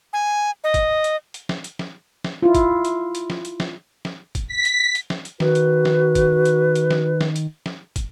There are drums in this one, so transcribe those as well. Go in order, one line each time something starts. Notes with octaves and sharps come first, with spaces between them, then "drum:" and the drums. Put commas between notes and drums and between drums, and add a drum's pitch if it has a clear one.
G#5
D#5
drum: kick, hi-hat
drum: hi-hat
drum: hi-hat
drum: snare
drum: hi-hat
drum: snare
drum: snare
E4 F4
drum: kick, hi-hat
drum: hi-hat
drum: hi-hat
drum: snare
drum: hi-hat
drum: snare
drum: snare
drum: kick, hi-hat
B6
drum: hi-hat
drum: hi-hat
drum: snare
drum: hi-hat
D#3 F#4 B4, drum: snare
drum: hi-hat
drum: snare
drum: kick, hi-hat
drum: hi-hat
drum: hi-hat
drum: snare
drum: snare
drum: hi-hat
drum: snare
drum: kick, hi-hat